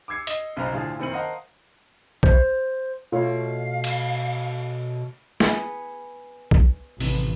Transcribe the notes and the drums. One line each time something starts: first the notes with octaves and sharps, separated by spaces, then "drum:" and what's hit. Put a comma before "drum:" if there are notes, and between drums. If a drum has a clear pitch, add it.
D6 E6 G#6 C7 C#7
D#5, drum: hi-hat
B1 C#3 F3 C5 A#5
D2 A2 D3 F3 F4 G#4
F#1 D#3 C4 C#7 D#7 F#7
A#4 C5 D#5 F5 F#5 A5
C5, drum: kick
B2 A3 F4 C#5 F5
drum: cymbal
B3 G#4, drum: snare
drum: kick
A1 C3 D#3, drum: open hi-hat